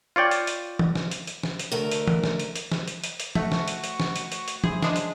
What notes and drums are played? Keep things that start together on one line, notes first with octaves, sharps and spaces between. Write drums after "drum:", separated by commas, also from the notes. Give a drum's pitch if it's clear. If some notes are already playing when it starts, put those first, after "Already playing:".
F4 C#5 D5 G5
drum: hi-hat
drum: hi-hat
drum: tom
drum: snare
drum: hi-hat
drum: hi-hat
drum: snare
drum: hi-hat
D2 A3 A#4
drum: hi-hat
drum: tom
drum: snare
drum: hi-hat
drum: hi-hat
drum: snare
drum: hi-hat
drum: hi-hat
drum: hi-hat
A3 F#4 F#5 C#6, drum: tom
drum: snare
drum: hi-hat
drum: hi-hat
drum: snare
drum: hi-hat
drum: hi-hat
drum: hi-hat
E4 G#4 C5, drum: tom
G#3 D4 G#4, drum: snare
drum: hi-hat